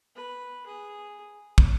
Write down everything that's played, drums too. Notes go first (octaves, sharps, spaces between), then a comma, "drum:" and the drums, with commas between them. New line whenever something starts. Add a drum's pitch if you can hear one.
B4
G#4
drum: kick